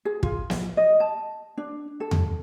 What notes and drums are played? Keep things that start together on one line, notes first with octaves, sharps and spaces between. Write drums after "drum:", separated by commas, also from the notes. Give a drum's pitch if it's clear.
G#4
F4, drum: kick
drum: snare
D#5
A5
D4
A4
drum: tom E2